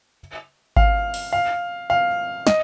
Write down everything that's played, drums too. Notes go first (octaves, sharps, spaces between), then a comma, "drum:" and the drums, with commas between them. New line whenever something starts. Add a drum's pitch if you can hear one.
F5, drum: kick G#1
drum: open hi-hat
F5
F5
D#5, drum: snare